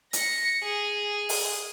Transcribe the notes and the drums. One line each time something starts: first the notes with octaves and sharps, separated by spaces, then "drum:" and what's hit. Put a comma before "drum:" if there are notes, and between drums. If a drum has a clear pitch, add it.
A#6 C#7, drum: hi-hat
G#4
drum: open hi-hat